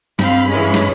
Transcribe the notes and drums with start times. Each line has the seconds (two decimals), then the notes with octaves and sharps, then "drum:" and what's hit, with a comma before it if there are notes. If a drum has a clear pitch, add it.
0.19 G2 C4 F5 B5, drum: snare
0.49 E3 G#3 C#4
0.74 drum: snare